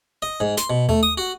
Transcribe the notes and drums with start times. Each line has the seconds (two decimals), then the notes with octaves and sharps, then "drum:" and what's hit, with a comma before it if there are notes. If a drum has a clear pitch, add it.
0.22 D#5
0.40 G#2
0.57 C6, drum: snare
0.70 B2
0.89 A3, drum: tom D#2
1.03 D#6
1.18 F#4